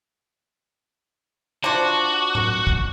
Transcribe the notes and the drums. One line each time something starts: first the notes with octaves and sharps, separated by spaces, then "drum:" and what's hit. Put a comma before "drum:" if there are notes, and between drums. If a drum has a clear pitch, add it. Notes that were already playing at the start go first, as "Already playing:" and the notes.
F3 D4 F#4
drum: tom A2
drum: kick